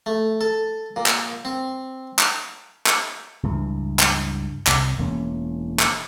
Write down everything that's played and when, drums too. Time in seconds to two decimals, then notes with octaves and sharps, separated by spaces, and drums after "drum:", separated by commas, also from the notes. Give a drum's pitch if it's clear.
0.06 A3
0.41 A4
0.96 A#2
1.06 drum: clap
1.45 C4
2.19 drum: clap
2.87 drum: clap
3.43 C#2 G2 E3
3.99 drum: clap
4.67 C2, drum: clap
4.98 E1 E3 A#3 C#4
5.80 drum: clap